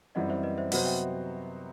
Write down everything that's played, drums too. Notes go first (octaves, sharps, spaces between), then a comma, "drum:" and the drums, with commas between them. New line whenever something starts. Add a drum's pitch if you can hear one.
F#2 E3 G3 C4 D#5 F#5
C5 E5
B4 D#5
C5 E5
C3 F#3 B3 F#4 C5 D#5 F#5, drum: open hi-hat
E5 G5